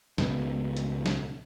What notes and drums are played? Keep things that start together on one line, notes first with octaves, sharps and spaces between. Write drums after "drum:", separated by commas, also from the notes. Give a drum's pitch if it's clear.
C#2 G#2 B2 B3, drum: snare
drum: hi-hat
drum: snare